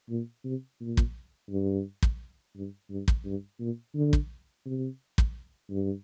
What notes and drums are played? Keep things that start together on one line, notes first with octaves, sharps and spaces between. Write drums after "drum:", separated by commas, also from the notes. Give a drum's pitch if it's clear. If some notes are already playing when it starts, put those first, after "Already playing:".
A#2
C3
A#2
drum: kick
G2
drum: kick
G2
G2
drum: kick
G2
A#2
D3
drum: kick
C3
drum: kick
G2